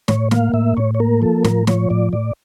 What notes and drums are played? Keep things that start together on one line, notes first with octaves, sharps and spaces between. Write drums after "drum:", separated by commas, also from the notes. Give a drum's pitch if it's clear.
A2 C#5, drum: snare
A#3 F5, drum: snare
A2 E5
A2 C#5
C#5
A#3 A#4
F3 A4
A2 A#4, drum: snare
F3 C#5, drum: snare
A2 D5
A2 D5